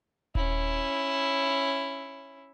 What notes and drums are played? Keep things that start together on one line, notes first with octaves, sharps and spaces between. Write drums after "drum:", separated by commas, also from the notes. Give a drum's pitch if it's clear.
C#4 E4, drum: kick D#1